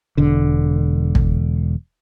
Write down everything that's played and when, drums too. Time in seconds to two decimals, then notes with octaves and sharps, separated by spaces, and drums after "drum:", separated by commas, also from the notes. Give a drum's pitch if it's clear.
0.18 E1 D3
1.15 drum: kick